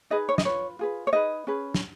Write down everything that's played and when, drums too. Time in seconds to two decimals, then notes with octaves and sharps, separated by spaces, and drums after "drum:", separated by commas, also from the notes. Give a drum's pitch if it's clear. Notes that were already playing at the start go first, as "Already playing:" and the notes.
0.10 D#4 G#4 B4 D#5
0.29 C#5
0.38 D#5, drum: snare
0.45 F4 B4 C#5
0.79 F4 G#4 B4
1.07 C#5
1.13 D#4 G#4 B4 D#5
1.47 C#4 G#4 B4
1.74 drum: snare